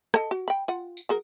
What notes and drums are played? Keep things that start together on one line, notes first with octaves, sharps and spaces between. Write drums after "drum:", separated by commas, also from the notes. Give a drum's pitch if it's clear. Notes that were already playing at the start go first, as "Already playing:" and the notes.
A4 D#5 A5, drum: rim click
F#4
G5 B5
F4 F#5
drum: tambourine
F#3 G#4 A#4